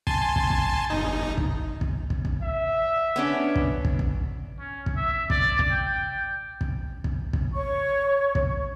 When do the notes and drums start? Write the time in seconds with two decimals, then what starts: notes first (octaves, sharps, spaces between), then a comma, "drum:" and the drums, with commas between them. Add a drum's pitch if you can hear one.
0.07 G#5 A5 C6, drum: kick
0.36 drum: kick
0.50 drum: kick
0.90 G1 D#4
1.38 drum: kick
1.81 drum: kick
2.10 drum: kick
2.25 drum: kick
2.42 E5
3.16 B3 C#4 D4
3.55 drum: kick
3.85 drum: kick
3.99 drum: kick
4.59 C#4
4.86 drum: kick
4.97 E5
5.30 D5, drum: kick
5.59 drum: kick
5.70 G5
6.61 drum: kick
7.04 drum: kick
7.33 drum: kick
7.54 C#5 C#6
8.35 drum: kick